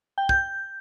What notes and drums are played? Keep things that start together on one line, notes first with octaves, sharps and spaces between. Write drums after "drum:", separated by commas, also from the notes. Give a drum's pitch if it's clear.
G5
G6, drum: kick